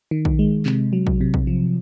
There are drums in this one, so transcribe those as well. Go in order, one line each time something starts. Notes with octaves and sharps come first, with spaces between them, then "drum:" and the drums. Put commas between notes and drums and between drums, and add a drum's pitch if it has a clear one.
D#3
drum: kick A#1
G#3
C3, drum: clap
F#3
drum: kick A#1
C3
drum: kick A#1
F3